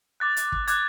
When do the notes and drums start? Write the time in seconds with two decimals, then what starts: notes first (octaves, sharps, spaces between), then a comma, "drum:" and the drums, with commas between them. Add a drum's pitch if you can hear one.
0.20 D6 F#6 A6
0.37 drum: hi-hat
0.52 drum: kick
0.68 D6 F#6 G#6, drum: hi-hat